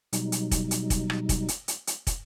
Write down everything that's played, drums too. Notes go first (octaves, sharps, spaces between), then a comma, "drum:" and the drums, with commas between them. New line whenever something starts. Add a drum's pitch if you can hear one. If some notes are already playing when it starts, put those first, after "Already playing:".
B2 F#3 G3 D#4, drum: hi-hat
drum: hi-hat
drum: kick, hi-hat
drum: hi-hat
drum: kick, hi-hat
drum: rim click
drum: kick, hi-hat
drum: hi-hat
drum: hi-hat
drum: hi-hat
drum: kick, hi-hat